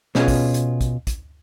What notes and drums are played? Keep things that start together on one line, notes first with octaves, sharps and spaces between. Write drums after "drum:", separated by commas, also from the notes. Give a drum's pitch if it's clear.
B2 B3 C#4 E4 F4 G#4, drum: snare
drum: kick, open hi-hat
drum: hi-hat
drum: kick, hi-hat
drum: kick, hi-hat